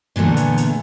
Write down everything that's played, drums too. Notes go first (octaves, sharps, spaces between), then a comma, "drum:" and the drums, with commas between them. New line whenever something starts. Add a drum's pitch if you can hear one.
A#2 D3 E3 A3 B3
drum: hi-hat
drum: hi-hat